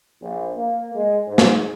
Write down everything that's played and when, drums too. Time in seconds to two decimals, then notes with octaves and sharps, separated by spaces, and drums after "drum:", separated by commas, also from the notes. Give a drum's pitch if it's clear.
0.21 A#1
0.57 A#3
0.95 G#3
1.27 G#2
1.38 drum: snare